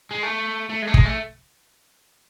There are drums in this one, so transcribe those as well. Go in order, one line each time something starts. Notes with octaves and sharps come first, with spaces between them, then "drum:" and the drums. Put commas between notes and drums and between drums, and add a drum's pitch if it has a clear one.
G#3
A3
A3
G#3
A3
G#3, drum: kick
A3